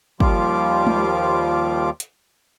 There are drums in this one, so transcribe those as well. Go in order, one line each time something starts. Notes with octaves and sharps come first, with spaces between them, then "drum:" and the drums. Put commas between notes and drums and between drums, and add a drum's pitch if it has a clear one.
D#2 F3 G3 F4 D6, drum: kick
drum: tom G#3
drum: hi-hat